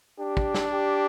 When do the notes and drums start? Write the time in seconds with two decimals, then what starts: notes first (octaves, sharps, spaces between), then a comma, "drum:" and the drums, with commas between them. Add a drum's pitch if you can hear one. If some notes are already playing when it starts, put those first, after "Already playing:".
0.19 D4 G4
0.37 drum: kick
0.54 drum: snare
0.72 G4